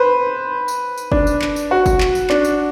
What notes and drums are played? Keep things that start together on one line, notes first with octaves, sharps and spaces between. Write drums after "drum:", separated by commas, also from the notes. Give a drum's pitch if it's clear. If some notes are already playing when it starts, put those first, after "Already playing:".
Already playing: B4 C5
drum: tambourine
drum: tambourine
D4, drum: kick F#1
drum: tambourine
drum: clap
drum: tambourine
F#4
drum: kick F#1, tambourine
drum: clap
drum: tambourine
D4, drum: clap
drum: tambourine